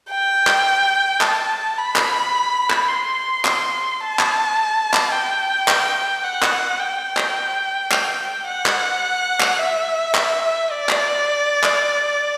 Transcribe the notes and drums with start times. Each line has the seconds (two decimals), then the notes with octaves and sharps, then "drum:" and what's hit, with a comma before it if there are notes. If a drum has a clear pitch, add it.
0.10 G5
0.47 drum: clap
1.21 A5, drum: clap
1.78 B5
1.96 drum: clap
2.70 drum: clap
2.88 C6
3.45 drum: clap
4.01 A5
4.19 drum: clap
4.94 drum: clap
5.12 G5
5.68 drum: clap
6.24 F#5
6.42 drum: clap
6.80 G5
7.17 drum: clap
7.91 drum: clap
8.48 F#5
8.66 drum: clap
9.40 drum: clap
9.59 E5
10.15 drum: clap
10.71 D5
10.89 drum: clap
11.64 drum: clap